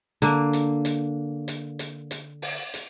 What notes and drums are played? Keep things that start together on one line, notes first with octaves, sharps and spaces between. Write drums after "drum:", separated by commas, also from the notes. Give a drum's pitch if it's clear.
D3 A#3, drum: hi-hat
drum: hi-hat
drum: hi-hat
drum: hi-hat
drum: hi-hat
drum: hi-hat
drum: open hi-hat
drum: hi-hat